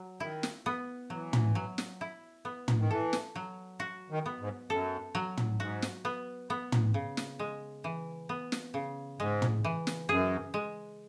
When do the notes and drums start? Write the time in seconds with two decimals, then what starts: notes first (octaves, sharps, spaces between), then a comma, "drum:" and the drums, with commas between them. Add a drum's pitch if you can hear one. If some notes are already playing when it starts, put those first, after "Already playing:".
Already playing: F#3
0.20 D#3 E4
0.43 drum: snare
0.66 B3
1.10 E3 F#3
1.33 drum: tom
1.55 F#3
1.78 drum: snare
2.01 E4
2.45 B3
2.68 drum: tom
2.79 D#3
2.90 E3 A4
3.13 drum: snare
3.35 F#3
3.80 F#4
4.10 D#3
4.26 B3
4.40 G#2
4.70 F#2 A4
5.15 F#3
5.37 drum: tom
5.60 G#2 F#4
5.82 drum: snare
6.05 B3
6.50 B3
6.72 drum: tom
6.94 C#3
7.17 drum: snare
7.39 G#3
7.84 E3
8.29 B3
8.52 drum: snare
8.74 C#3
9.19 G#2 G#3
9.42 drum: tom
9.64 E3
9.87 drum: snare
10.09 F#2 G#4
10.54 G#3